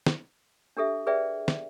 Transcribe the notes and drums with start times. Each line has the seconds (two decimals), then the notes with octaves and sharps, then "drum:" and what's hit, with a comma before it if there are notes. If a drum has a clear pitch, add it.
0.06 drum: snare
0.77 D4 G4 A4 E5
1.06 G#4 B4 D5 E5 G5
1.48 drum: snare